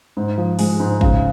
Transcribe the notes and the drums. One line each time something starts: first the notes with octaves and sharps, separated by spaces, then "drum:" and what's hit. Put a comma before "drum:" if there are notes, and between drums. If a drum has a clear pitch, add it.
G#2
F3
G#3, drum: open hi-hat
G#2
C#3, drum: kick